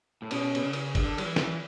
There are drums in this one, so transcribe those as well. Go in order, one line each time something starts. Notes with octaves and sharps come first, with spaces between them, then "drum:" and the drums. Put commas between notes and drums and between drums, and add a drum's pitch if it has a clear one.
A2
B2 C#4, drum: cymbal
B2, drum: cymbal
C#3
drum: cymbal
D3, drum: kick, cymbal
F#3, drum: cymbal
E3
drum: snare